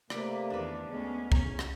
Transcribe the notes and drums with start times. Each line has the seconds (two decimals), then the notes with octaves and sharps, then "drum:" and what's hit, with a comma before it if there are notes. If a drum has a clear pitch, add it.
0.10 C3 A3 A#3 B4 D5, drum: rim click
0.50 E2 D#3 D4 B4
0.88 D2 G#3 B3 C#4
1.32 E2 C#4 A#5, drum: kick C2
1.59 drum: rim click